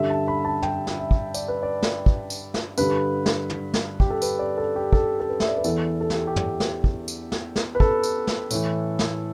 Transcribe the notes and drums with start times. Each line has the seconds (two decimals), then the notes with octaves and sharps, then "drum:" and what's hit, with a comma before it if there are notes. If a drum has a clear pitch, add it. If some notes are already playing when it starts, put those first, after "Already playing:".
Already playing: G2 D3 E5
0.10 A5
0.28 B5
0.45 A5
0.62 G5, drum: tom
0.87 drum: snare
0.99 E5
1.11 drum: kick
1.34 D5, drum: tambourine
1.48 B4
1.63 D5
1.82 drum: snare
2.06 drum: kick
2.30 drum: tambourine
2.54 drum: snare
2.78 G2 D3 B4, drum: tambourine
3.26 drum: snare
3.50 drum: tom
3.74 drum: snare
4.00 G4, drum: kick
4.10 A4
4.22 B4, drum: tambourine
4.39 D5
4.58 A4
4.76 G4
4.93 A4, drum: kick
5.20 A4
5.29 B4
5.40 E5, drum: snare
5.48 D5
5.56 B4
5.64 E2 E3 A4, drum: tambourine
6.01 A4
6.10 G4, drum: snare
6.27 G4
6.36 drum: tom
6.60 drum: snare
6.84 drum: kick
7.08 drum: tambourine
7.32 drum: snare
7.56 drum: snare
7.75 B4
7.80 A4, drum: kick
8.03 drum: tambourine
8.27 drum: snare
8.51 A2 E3, drum: tambourine
8.99 drum: snare